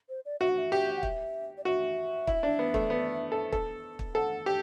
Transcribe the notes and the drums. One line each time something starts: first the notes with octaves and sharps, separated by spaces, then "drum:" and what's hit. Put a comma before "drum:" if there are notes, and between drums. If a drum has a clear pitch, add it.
C5
D5
F#4 E5
F#5
E5
G4
F#5
E5, drum: kick
D5
F#4 E5
E4, drum: kick
D4
B3
A3, drum: kick
B3
A4
A4, drum: kick
drum: kick
A4 F#5
G4